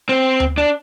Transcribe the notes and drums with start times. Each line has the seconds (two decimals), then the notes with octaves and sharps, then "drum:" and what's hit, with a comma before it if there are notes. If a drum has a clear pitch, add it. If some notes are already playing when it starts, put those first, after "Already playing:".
0.09 C4
0.40 drum: tom D2
0.58 D4